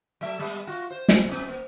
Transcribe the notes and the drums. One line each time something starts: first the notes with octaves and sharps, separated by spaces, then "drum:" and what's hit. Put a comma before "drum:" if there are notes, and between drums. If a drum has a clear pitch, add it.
F#3 A3 E5
G3 B3
F4 F#4
C5
drum: snare
F#2 B3
A#3